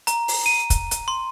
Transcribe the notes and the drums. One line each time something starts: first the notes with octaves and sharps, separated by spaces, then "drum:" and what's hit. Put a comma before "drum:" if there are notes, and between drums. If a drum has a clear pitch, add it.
A#5, drum: hi-hat
drum: open hi-hat
D#7
drum: kick, hi-hat
drum: hi-hat
C6